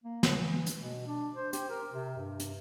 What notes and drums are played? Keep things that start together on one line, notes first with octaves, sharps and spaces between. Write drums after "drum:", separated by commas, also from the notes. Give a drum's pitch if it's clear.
A#3
drum: snare
E3
drum: hi-hat
B2
D4
C5
G4, drum: hi-hat
A#4
C3
G2
drum: hi-hat